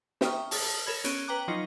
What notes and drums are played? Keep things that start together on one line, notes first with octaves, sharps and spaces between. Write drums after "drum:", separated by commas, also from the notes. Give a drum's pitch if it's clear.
E5 G5 A#5 C#6 D#6 F6, drum: snare
A5 D#6 A6, drum: open hi-hat
A4 A#4 C#5 B5 G#6
B3 C#4 C#5 D7 D#7 G7, drum: hi-hat
B4 G5 A#5 D6 F#6
F3 F#3 D#4 F4 D#5 C#7